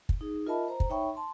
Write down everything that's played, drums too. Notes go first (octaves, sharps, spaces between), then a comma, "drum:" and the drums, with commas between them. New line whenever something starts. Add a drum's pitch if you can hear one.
drum: kick
D#4 G#4
F4 A#4 D#5 E5 A5 B5
C5 A#5
drum: kick
D#4 C#5 E5 G5 B5 C#6
A5 C6